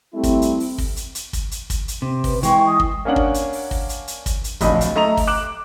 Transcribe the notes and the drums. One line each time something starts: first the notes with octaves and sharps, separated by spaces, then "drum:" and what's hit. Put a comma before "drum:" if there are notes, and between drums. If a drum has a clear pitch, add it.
G3 A3 C4 E4
drum: kick, hi-hat
drum: hi-hat
drum: open hi-hat
drum: kick, open hi-hat
drum: hi-hat
drum: hi-hat
drum: kick, hi-hat
drum: hi-hat
drum: kick, hi-hat
drum: hi-hat
C3
B4, drum: kick, open hi-hat
E3 G#3 G5 C#6, drum: hi-hat
D#6
drum: kick
A#3 C#4 D4 F#5 F#7
drum: kick
drum: hi-hat
drum: open hi-hat
drum: kick, open hi-hat
drum: hi-hat
drum: hi-hat
drum: kick, hi-hat
drum: hi-hat
D1 A#1 D#5 B5, drum: kick, hi-hat
drum: hi-hat
A3 D#5 A#5 F7
drum: kick, open hi-hat
D6 F#6 E7 F#7